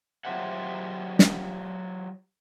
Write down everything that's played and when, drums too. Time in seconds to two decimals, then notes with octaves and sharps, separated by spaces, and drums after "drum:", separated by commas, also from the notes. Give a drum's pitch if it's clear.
0.25 F#3 F4 G4 C5 E5 F#5
1.19 drum: snare